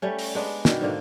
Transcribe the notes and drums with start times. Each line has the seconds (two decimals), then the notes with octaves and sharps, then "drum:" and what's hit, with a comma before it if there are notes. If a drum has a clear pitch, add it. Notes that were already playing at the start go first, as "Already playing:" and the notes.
0.02 G3 A3 C#4
0.19 drum: open hi-hat
0.35 G#3 B3 D4
0.65 B2 D#3 D4, drum: snare
0.81 G#2 D3 A#3